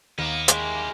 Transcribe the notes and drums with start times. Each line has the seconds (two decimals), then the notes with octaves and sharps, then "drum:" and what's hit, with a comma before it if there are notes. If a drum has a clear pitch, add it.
0.19 D#2 A#3 B3
0.48 G#3 E4 G4 C#6 D#6, drum: hi-hat